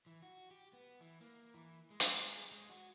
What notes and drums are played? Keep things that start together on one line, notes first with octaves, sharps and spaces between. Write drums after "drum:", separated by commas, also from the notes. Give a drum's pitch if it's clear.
E3
F#4
G4
B3
E3
A#3
E3
G#3
drum: hi-hat
G#4
G#3
F#4